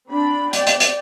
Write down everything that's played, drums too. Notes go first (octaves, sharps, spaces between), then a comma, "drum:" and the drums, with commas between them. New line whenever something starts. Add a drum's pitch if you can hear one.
C4 D4 B5
D5 G5, drum: hi-hat
drum: hi-hat
drum: hi-hat